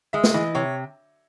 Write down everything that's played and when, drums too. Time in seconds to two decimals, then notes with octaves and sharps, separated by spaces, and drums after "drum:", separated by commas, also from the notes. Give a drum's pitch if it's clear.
0.13 G#3 E5
0.24 drum: snare
0.34 E3 D#5
0.55 C3 C#5